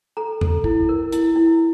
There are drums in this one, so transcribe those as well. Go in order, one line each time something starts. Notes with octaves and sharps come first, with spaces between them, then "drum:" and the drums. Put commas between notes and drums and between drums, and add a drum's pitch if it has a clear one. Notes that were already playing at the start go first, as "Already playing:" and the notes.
A4 A#5
A4, drum: tom E2
E4, drum: kick
A#4
E4, drum: hi-hat
E4